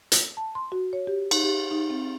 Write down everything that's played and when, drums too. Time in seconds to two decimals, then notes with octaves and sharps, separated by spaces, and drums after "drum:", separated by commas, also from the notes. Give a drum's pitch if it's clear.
0.12 drum: hi-hat
0.37 A5
0.55 C6
0.72 F#4
0.93 C#5
1.07 G4
1.31 D#4, drum: cymbal
1.44 G4
1.71 D#4
1.90 C4